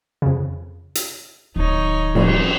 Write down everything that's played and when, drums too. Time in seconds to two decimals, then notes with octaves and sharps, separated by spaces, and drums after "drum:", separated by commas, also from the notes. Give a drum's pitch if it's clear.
0.22 F2 C#3
0.95 drum: hi-hat
1.56 D1 D#3 D#4 C#5
2.15 A2 F3 G3, drum: cymbal